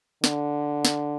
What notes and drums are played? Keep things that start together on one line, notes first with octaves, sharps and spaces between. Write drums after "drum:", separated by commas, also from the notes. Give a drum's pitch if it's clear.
D3, drum: snare
drum: snare